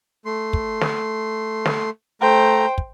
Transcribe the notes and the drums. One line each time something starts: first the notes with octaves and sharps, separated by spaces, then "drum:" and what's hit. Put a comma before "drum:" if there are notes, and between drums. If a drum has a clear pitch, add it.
A3 C6
drum: kick
drum: snare
drum: snare
A3 C5 G5 A#5
drum: kick